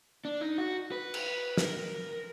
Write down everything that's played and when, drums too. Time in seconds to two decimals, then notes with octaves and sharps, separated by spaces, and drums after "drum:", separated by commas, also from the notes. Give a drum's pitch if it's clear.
0.25 D4
0.41 D#4
0.58 F#4
0.92 B4
1.14 drum: cymbal
1.57 A#4, drum: snare